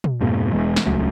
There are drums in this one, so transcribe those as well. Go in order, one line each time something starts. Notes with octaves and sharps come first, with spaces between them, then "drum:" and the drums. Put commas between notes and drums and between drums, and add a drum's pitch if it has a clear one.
drum: tom
F2 G#2 B2 A#3
E1 E2 E3 G#3
drum: snare
D#1 C#2 F#3 A3